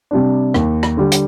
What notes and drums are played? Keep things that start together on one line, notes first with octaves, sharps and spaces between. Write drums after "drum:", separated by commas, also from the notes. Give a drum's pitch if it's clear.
C3 G3 D4
D#2, drum: rim click
drum: rim click
D3 G3
drum: hi-hat